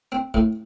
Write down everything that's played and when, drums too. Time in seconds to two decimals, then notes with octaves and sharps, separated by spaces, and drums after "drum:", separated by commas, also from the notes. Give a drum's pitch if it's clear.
0.12 C4
0.34 A2, drum: kick